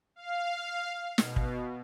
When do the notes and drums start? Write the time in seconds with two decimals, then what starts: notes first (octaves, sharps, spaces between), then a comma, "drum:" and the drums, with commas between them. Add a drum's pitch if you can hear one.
0.16 F5
1.18 B2, drum: snare
1.36 drum: kick